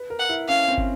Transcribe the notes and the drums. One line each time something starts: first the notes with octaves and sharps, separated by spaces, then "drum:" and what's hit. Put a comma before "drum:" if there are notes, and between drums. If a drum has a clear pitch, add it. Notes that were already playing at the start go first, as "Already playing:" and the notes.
Already playing: B4
A#4
F#5
E4
C#4 F5
C4
drum: kick